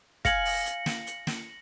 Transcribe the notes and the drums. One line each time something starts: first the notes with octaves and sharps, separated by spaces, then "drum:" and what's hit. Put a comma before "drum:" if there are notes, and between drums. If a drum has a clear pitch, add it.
F5 G#5 A#6 C#7 F#7, drum: kick, hi-hat
drum: open hi-hat
drum: hi-hat
drum: snare
drum: hi-hat
drum: snare